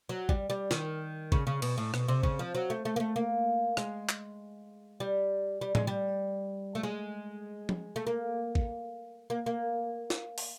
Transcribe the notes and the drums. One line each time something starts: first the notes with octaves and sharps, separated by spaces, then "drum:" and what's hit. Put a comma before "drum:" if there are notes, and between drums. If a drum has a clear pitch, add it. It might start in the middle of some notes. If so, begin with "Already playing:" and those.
F#3
G3, drum: kick A1
G3
D#3, drum: snare
C#3, drum: kick A1
C#3
B2, drum: cymbal
A2
B2, drum: rim click
C3
C#3, drum: kick A1
F3
F#3
A3
A3
A#3
A3
A#3
G#3, drum: rim click
drum: clap
G3
G3
G#3, drum: tom
G3
A3
G#3
drum: tom F3
A3
A#3
drum: kick A1
A#3
A#3
drum: snare
drum: open hi-hat